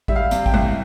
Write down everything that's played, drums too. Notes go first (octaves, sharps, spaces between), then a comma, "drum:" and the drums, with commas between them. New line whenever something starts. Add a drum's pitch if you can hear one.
G3 E5, drum: kick
F5
C3, drum: hi-hat
G5, drum: kick
C2